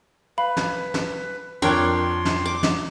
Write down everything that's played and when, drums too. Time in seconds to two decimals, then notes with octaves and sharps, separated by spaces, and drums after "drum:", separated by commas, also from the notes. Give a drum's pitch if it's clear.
0.38 B4 F5 B5
0.57 drum: snare
0.94 drum: snare
1.62 F2 D4 A#4 C#5 G5 C6 F#6
2.25 drum: snare
2.46 D6
2.63 drum: snare